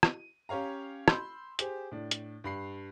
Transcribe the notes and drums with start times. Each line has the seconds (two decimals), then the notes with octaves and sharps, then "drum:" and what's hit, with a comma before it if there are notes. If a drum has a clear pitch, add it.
0.03 D#7, drum: rim click
0.49 C#4 G4 C#5 F5 A#5
1.08 B5 C6 E6 G6, drum: rim click
1.59 G4 G#4 C5, drum: hi-hat
1.92 A2 D4
2.11 drum: hi-hat
2.44 G2 B5 C7